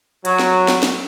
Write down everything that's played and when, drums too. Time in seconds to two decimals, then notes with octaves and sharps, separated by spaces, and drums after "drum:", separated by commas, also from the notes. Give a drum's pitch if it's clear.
0.25 F#3, drum: hi-hat
0.39 drum: snare
0.68 drum: snare
0.83 drum: snare